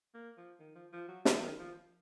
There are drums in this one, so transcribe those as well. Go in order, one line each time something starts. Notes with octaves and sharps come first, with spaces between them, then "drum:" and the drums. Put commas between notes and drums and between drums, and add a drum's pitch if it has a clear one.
A#3
F3
D#3
F3
F3
F#3
F3, drum: snare
D#3
F3